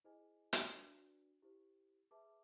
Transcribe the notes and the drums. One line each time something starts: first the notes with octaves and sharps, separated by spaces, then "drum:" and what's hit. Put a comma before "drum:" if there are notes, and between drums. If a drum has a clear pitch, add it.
E4 G#4 C5 D#5 G#5
drum: hi-hat
D4 F#4 B4 D5
E4 G4 C5
G#4 B4 E5 A5 D6